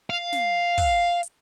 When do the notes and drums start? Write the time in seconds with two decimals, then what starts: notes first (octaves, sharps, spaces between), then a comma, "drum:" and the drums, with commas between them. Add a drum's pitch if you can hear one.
0.10 F5
0.32 drum: snare
0.78 drum: kick, open hi-hat
1.23 drum: hi-hat